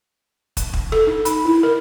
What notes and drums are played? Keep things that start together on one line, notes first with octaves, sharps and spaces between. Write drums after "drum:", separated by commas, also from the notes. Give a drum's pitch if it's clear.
drum: kick, hi-hat
drum: kick
A4, drum: rim click
D#4
B5, drum: hi-hat
E4
A#4